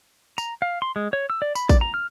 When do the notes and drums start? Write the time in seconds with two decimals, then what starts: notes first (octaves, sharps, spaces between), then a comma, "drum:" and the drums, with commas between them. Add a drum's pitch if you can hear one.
0.38 A#5, drum: tambourine
0.62 F5
0.82 C6
0.96 G#3
1.13 C#5
1.30 E6
1.42 D5
1.55 B5, drum: tambourine
1.69 D5, drum: kick, tambourine
1.81 A#5
1.94 F6